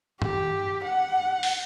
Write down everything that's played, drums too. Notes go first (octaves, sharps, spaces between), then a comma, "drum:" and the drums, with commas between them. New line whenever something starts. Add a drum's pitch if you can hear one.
G4, drum: tom G2
F#5
drum: open hi-hat